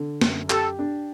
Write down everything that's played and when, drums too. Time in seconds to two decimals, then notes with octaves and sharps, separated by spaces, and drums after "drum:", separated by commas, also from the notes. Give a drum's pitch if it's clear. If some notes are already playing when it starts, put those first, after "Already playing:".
Already playing: D3
0.21 F#2, drum: snare
0.50 G4 A4, drum: clap
0.79 D4